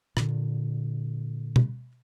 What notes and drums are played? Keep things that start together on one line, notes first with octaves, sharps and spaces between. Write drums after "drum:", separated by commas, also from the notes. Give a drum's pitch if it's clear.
A#2 D3, drum: rim click
drum: tom B2